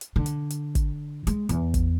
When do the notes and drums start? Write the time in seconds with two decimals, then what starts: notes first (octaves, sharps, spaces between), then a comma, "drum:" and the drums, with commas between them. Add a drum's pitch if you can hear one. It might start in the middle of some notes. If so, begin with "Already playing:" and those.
0.01 drum: hi-hat
0.16 D3
0.26 drum: hi-hat
0.50 drum: hi-hat
0.75 drum: kick, hi-hat
1.27 G#3, drum: hi-hat
1.49 E2, drum: hi-hat
1.74 drum: kick, hi-hat